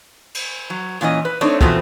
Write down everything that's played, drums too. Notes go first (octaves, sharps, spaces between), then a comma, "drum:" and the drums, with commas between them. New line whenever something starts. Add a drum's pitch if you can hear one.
drum: cymbal
F#3
A#2 E3 C#4 D#5
B4
A3 C4 D4 D#4 C#5
E3 A3 B3 C4 F4 F#4, drum: kick